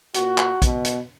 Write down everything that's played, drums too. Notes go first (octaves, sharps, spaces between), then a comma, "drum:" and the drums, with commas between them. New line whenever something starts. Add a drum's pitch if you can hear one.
A#2 F#4, drum: hi-hat
drum: clap
B2, drum: kick A#1, hi-hat
drum: hi-hat